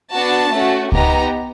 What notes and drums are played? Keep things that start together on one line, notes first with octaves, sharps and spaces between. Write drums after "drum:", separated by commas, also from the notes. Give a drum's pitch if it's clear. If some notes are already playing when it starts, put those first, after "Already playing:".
B3 D4 F#4 A5
A3 C#4 F#4
B3 D#4 G4 A#5, drum: kick C#2